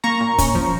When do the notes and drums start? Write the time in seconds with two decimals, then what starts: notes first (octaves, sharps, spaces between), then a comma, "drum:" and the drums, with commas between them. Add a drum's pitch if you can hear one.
0.04 A#3 A#5 C#6
0.21 A#2
0.38 C#4, drum: kick, hi-hat
0.55 F3